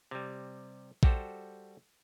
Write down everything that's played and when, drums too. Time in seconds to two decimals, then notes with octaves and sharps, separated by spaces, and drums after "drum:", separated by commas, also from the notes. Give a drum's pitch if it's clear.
0.11 C3 G3
1.03 G3 F#4 G4 A4 C5, drum: kick A#1